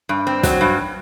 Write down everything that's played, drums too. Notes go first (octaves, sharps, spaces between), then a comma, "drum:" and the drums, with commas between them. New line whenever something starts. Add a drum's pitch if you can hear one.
G2
C4
F#3, drum: snare
G2